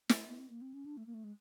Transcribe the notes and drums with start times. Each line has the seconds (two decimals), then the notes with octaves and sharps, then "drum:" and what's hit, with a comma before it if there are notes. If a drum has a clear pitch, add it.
0.09 A3, drum: snare
0.27 B3
0.38 C4
0.50 A#3
0.61 C4
0.74 C#4
0.86 D4
0.97 A3
1.06 A#3
1.14 A3
1.24 G#3